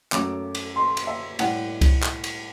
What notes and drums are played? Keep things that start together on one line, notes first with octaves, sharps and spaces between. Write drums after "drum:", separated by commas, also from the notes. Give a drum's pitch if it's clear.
F#2 F#3 A3 D6, drum: clap
drum: cymbal
C6
drum: cymbal
E5
A2 G3 F#5, drum: cymbal
drum: kick C2, cymbal
drum: clap
drum: cymbal